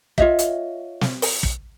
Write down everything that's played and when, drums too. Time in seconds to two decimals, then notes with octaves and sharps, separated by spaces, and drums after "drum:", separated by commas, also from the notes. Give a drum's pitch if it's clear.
0.18 F4 C#5 D#5 E5, drum: kick
0.39 drum: hi-hat
1.01 drum: snare
1.22 drum: open hi-hat
1.43 drum: kick